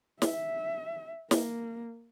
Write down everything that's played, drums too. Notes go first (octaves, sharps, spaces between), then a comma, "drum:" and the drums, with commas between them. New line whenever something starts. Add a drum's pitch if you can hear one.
E5, drum: snare
A#3, drum: snare